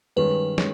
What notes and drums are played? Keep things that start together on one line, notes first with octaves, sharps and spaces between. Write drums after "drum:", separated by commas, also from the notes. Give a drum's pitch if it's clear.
G2 D#3 G#3 C#4 B4
D#3 G#3 C#4, drum: snare